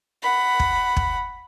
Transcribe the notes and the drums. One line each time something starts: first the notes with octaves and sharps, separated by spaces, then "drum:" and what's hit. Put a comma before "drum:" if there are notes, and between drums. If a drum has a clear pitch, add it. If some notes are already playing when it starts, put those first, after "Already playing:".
F#5 B5
drum: kick
drum: kick